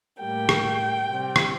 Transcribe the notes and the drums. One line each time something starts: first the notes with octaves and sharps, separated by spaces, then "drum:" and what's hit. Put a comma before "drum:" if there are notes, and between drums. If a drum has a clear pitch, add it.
A2 G3 A#3 G5
drum: rim click
C3 G3 C4
drum: rim click